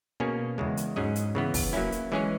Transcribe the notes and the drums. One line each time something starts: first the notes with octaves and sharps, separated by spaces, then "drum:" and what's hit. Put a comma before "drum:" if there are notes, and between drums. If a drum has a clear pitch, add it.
B2 A#3 C#4 G#4 C#5
E2 C#3 G#3
drum: hi-hat
G#2 F#3 C#4 G#4 D#5
drum: hi-hat
C#3 E3 B3
drum: kick, open hi-hat
F#3 A#3 C#4 E4
drum: hi-hat
E3 G#3 C#4 G#4 C#5